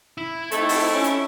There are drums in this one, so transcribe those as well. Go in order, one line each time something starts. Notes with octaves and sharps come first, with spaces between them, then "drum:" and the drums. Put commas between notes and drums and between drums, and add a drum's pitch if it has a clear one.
E4
A3 C4 D#4 A4, drum: hi-hat
drum: open hi-hat
C#4
drum: hi-hat